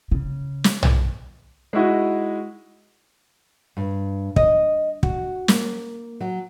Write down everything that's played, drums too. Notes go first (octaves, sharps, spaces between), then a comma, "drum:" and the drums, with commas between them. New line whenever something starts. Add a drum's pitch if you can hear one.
C#3
drum: snare
drum: tom B1
G#3 D#4 E4 F#4 D#5
G2
D#5, drum: kick
F#4, drum: kick
A#3, drum: snare
F#3